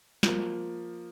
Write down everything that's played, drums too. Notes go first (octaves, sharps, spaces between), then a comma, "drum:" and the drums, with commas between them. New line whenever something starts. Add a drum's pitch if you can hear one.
F3 A#3, drum: snare